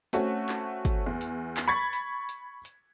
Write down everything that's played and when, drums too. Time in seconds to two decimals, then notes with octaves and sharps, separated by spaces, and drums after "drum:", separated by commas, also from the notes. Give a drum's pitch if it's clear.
0.13 A3 C4 C#4 F#4, drum: hi-hat
0.49 drum: clap
0.85 drum: kick, hi-hat
1.06 E2
1.21 drum: hi-hat
1.57 drum: clap
1.68 B5 C#6 G#6 A6 B6
1.93 drum: hi-hat
2.29 drum: hi-hat
2.65 drum: hi-hat